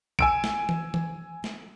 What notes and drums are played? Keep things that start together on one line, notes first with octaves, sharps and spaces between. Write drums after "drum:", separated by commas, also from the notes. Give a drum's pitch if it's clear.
G#5 E6 D7, drum: kick
drum: snare
drum: tom E3
drum: tom E3
drum: snare